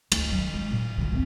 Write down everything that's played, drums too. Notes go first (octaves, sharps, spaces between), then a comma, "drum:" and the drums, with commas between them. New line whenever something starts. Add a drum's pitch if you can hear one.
D2, drum: cymbal
D#3 F#3
G#3
A#2
D3 F4
D1 F2